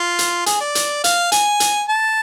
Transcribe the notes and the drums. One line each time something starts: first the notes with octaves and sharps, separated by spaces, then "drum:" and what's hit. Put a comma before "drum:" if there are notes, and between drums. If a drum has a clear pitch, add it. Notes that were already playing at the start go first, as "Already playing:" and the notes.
Already playing: F4
drum: hi-hat
G#4, drum: hi-hat
D5
drum: hi-hat
F5, drum: hi-hat
G#5, drum: hi-hat
drum: hi-hat
A5